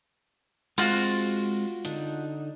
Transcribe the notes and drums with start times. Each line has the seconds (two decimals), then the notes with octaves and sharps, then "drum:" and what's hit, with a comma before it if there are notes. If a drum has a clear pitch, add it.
0.78 G#3 C4 F4 F#4, drum: cymbal
1.85 D3 D4 D#4, drum: hi-hat